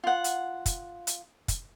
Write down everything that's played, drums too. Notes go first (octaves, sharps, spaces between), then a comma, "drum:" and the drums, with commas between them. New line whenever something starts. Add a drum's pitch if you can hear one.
F4 F#5
drum: hi-hat
drum: kick, hi-hat
drum: hi-hat
drum: kick, hi-hat